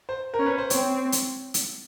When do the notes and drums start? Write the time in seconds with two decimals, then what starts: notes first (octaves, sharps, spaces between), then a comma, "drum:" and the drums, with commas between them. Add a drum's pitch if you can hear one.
0.09 C5
0.34 A#4
0.39 C#4
0.46 B4
0.58 C5
0.70 C4 C#5, drum: hi-hat
1.12 drum: hi-hat
1.54 drum: hi-hat